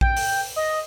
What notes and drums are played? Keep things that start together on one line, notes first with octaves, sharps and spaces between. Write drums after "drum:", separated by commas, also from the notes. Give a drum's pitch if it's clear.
G5, drum: kick A#1
drum: open hi-hat
D#5